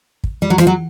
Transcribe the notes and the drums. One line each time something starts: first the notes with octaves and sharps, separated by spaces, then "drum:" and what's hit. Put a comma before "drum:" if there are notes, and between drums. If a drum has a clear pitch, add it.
drum: kick
G3
F#3
F3, drum: rim click
F#3